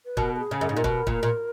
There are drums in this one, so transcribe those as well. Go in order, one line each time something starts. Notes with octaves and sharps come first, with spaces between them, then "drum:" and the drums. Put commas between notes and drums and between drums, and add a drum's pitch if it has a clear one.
B4
B2 A#4, drum: kick
A#4
G#4
C#3
F#2 A#4
G#2 G#4
A#2 A#4
B2, drum: kick
A#2, drum: kick
A#2